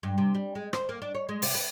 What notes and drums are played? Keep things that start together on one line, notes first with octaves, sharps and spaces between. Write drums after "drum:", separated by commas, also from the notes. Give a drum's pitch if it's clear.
G2
C3
G3
G#3
C5, drum: rim click
A#3
D4
C#5
G#3
C3, drum: open hi-hat
B4